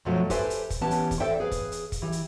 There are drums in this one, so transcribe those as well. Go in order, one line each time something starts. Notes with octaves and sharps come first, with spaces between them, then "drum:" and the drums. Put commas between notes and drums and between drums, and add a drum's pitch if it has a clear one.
F#2 B2 F3 F#3 A3
G4 A4 B4 C5 E5 G#5, drum: kick, hi-hat
drum: hi-hat
drum: kick, hi-hat
E3 B3 C#4 G4 A5
drum: hi-hat
drum: kick, hi-hat
A4 C5 D5 E5 G5
G#4 B4 F5
drum: kick, hi-hat
drum: hi-hat
drum: kick, hi-hat
E3 G4
drum: hi-hat